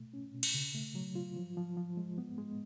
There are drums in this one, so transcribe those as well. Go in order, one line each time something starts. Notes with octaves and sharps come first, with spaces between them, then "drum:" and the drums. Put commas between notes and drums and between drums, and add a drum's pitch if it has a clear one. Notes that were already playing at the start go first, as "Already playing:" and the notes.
Already playing: B2 A3
C#4
B2
drum: cymbal
C#3
A3
F#3
F4
F3
F3
F3
G#3
B3
G#3